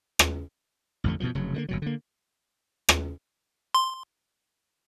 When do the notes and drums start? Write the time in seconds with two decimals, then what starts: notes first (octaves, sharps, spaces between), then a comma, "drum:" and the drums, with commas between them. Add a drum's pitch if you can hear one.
0.19 drum: rim click
1.04 A1 F2 D3 A3
1.20 F#2 B2 E3 F3
1.35 F1 C#3 F#3
1.54 D3 G#3 A#3
1.69 G1 A#2 F#3
1.82 D3 A#3
2.89 drum: rim click
3.75 C6